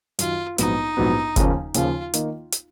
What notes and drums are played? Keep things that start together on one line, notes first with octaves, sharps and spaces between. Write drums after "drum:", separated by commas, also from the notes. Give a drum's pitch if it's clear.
F#2 D#3 F#3 F4, drum: hi-hat
A#1 G#2 F#3 B3 D#4, drum: hi-hat
A#1 G#2 F#3 B3
D#2 C#3 F3 A#3 C#4, drum: kick, hi-hat
D#2 C#3 F3 A#3 C#4 F4, drum: hi-hat
D#3 A#3 D#4, drum: hi-hat
drum: hi-hat